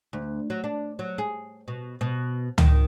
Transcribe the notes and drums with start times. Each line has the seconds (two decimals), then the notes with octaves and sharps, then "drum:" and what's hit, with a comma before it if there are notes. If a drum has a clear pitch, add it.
0.13 D2
0.50 F#3
0.64 D4
0.99 F#3
1.18 G#4
1.68 B2
2.01 B2
2.58 D#3, drum: tom C#2